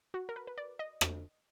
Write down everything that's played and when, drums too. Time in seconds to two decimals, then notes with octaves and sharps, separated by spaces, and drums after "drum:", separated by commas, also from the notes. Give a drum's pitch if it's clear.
0.14 F#4
0.29 A#4
0.36 B4
0.47 B4
0.58 D5
0.79 D#5
1.01 drum: rim click